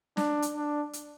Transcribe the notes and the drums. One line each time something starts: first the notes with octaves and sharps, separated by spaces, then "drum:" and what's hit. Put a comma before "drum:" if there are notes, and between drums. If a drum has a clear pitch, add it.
D4, drum: snare
drum: hi-hat
D4
drum: hi-hat